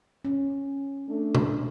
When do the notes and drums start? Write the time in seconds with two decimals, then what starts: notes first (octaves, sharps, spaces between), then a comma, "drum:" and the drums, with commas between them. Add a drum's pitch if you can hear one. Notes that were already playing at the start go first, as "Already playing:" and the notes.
0.25 C#4
1.08 A3 D4
1.35 drum: tom